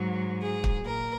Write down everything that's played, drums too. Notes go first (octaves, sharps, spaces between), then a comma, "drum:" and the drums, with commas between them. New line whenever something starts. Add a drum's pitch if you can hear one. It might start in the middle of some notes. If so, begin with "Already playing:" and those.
Already playing: G#2 F#3
G#4
drum: kick
A#2 A#4